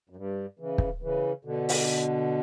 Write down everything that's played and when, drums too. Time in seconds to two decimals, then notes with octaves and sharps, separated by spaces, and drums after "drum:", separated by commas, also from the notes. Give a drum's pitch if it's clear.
0.10 F#2
0.16 G2
0.59 C#3 E3
0.78 drum: kick
1.02 C#3 E3
1.45 B2 D3
1.69 drum: open hi-hat